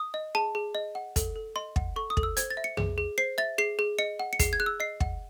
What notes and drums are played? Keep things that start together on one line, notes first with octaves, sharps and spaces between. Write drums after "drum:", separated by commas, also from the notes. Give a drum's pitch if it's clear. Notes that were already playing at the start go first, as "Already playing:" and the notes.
Already playing: D#6
D#5
G#4 A5
G#4
D#5
F#5
A4, drum: kick, hi-hat
A4
D#5 C6
F#5, drum: kick
A4 C#6
D#6
A4, drum: kick
E6
C5 G#6, drum: hi-hat
A6
E5
C#7
G#4, drum: tom
G#4
C5 C7
E5 A6
G#4 C7
G#4
D#5 C#7
F#5
C#7
G#4 C7, drum: kick, hi-hat
G#6
G#4 F#6
E6
D#5 C7
F#5, drum: kick